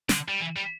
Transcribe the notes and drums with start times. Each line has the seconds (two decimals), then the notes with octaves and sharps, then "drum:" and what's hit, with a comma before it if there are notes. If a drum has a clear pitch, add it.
0.09 D3, drum: snare
0.29 G3
0.40 E3
0.56 G3